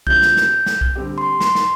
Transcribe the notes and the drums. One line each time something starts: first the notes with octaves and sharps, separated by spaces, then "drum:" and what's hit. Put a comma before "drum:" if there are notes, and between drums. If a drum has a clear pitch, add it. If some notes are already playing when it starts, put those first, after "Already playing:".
D2 C3 F3 G6, drum: kick C2
drum: snare
drum: snare
drum: snare
drum: kick C2
D3 G3 C4 G4
C6
C6, drum: snare
drum: snare